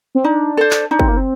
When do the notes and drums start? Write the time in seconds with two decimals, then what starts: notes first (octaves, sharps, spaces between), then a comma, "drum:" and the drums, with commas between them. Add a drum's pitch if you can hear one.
0.15 C4
0.24 D4 D#4
0.57 A4 C5
0.71 drum: clap
0.91 D4 D#4
1.00 C4, drum: kick
1.08 A#3
1.17 C4